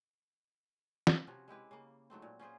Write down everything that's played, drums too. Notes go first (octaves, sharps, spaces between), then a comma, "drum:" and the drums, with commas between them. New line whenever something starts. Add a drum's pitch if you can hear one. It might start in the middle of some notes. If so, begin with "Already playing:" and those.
drum: snare
C3 F3 C#4 F#4
G#3 E4 G4 B4
C#3 A#3
G#2 F#3 A3 C4
A#2
C#4 F4 G#4 C5